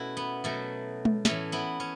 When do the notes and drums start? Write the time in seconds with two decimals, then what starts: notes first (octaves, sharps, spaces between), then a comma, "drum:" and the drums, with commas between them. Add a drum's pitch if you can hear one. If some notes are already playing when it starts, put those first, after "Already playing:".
Already playing: B2 A3 C#4 E4 F#4
0.17 B3
0.44 B2 F#3 A3
1.05 drum: tom G#3
1.25 A2 E3 A3 C#4, drum: snare
1.52 B3 E4
1.80 C#4